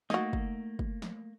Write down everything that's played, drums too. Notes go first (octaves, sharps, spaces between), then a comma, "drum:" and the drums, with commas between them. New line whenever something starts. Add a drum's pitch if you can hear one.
A3 A#3 D#4 F#4, drum: snare
drum: kick
drum: kick
drum: snare